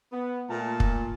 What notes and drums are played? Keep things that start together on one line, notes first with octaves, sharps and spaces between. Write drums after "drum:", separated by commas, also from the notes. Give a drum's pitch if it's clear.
B3
A#2 A3 A5
drum: kick